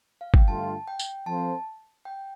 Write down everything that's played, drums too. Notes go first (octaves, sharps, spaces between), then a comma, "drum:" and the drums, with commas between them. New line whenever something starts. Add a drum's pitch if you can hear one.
F5
G5, drum: kick
G2 D3 A3 F4 A5
G5
drum: tambourine
F3 C4 A4 C5 F5 A5
G5